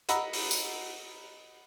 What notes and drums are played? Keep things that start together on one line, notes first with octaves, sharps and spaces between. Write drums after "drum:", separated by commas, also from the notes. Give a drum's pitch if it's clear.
D#5 F#5 A#5 B5 E6, drum: hi-hat
drum: open hi-hat
drum: tambourine